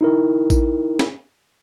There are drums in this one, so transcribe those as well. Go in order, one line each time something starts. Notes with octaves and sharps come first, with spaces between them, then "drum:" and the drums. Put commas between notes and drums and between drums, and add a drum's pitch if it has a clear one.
D#4 E4 A#4
drum: kick A1, tambourine
drum: snare